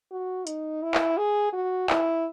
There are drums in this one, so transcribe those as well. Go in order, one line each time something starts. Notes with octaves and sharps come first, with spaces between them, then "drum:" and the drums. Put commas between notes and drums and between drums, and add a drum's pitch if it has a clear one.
F#4
D#4, drum: hi-hat
E4
drum: clap
G#4
F#4
E4, drum: clap